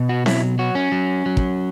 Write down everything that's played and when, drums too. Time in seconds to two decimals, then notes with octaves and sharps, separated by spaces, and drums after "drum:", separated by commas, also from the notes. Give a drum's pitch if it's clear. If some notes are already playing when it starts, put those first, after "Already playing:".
Already playing: B2
0.09 F#4
0.26 F#3 E4, drum: snare C4
0.59 F#3 F#4
0.75 C#4
0.92 F#3
1.26 F#3
1.37 drum: kick